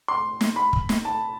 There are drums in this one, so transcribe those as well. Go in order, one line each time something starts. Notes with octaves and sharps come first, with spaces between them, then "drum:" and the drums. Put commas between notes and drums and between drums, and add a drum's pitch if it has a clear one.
C6
drum: snare
B5
drum: kick
drum: snare
A5